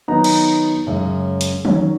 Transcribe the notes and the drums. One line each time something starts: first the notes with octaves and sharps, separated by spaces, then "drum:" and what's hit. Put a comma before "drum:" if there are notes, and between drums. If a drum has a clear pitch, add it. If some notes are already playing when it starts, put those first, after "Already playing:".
D#3 F#3 B3 D#4 A#5
drum: cymbal
F#2 C#3 G#3
drum: hi-hat
D#3 F#3 C#4, drum: tom